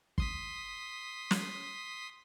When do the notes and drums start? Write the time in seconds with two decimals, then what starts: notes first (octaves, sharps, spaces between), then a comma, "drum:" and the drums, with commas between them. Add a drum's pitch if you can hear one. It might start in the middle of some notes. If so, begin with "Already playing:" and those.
0.18 C6 D#6 B6, drum: kick G1
1.31 drum: snare